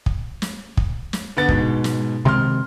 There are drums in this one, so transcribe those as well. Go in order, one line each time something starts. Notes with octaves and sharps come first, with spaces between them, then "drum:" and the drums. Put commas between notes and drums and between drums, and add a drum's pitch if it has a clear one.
drum: kick
drum: snare
drum: kick
drum: snare
D3 B3 A6
G#2 B2, drum: kick
drum: snare
C3 D#3 G#3 C6 F6